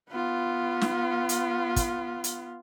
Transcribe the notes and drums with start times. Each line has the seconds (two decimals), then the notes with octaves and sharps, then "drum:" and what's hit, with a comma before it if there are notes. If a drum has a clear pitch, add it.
0.10 B3 F4
0.81 drum: snare
1.29 drum: hi-hat
1.76 drum: kick, hi-hat
2.24 drum: hi-hat